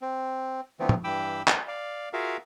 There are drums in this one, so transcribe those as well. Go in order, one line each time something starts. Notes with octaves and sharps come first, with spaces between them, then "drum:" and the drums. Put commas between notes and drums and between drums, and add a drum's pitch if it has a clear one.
C4
D3 E3 F3 A3 B3 C4
drum: tom
G2 E3 G5 B5 D6 E6
drum: clap
D5 F5
F4 F#4 G#4 A#4 E5 F5